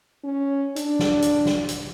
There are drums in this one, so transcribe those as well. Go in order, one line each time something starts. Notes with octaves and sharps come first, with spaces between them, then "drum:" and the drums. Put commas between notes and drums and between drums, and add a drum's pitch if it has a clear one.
C#4
D4, drum: hi-hat
drum: snare
drum: hi-hat
drum: snare
drum: hi-hat